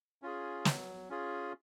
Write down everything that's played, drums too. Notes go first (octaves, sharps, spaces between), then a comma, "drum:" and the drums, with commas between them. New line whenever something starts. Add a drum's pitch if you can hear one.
C#4 F4 G#4
F#3, drum: snare
C#4 F4 G#4